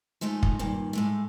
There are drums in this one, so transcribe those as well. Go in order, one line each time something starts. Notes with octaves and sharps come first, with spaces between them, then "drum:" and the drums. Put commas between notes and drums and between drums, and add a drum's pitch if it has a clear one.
F3 G#3 A3 D#4 G#4
drum: kick
G2 A#2 D#3
A2 G#3 A3